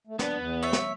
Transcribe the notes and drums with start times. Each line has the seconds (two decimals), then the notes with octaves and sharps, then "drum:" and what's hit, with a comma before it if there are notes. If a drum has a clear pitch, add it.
0.07 A3
0.19 B3 D4, drum: snare
0.37 E2
0.63 C#5 E5
0.73 drum: snare